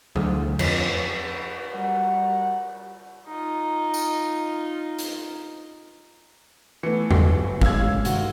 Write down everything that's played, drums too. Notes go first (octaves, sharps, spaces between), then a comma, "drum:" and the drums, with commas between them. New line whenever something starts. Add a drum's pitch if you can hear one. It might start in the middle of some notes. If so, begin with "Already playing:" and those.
D2, drum: tom F#3
F2, drum: cymbal
G3 F#4 A#4 D5 F#5
D#4 F4
drum: tambourine
drum: hi-hat
E3 A3 B3 E4 C#7
G1 F#2, drum: tom E2
A1 G#3 F5 E6 G#6, drum: kick G1
G2 C3 D#3 F#4, drum: hi-hat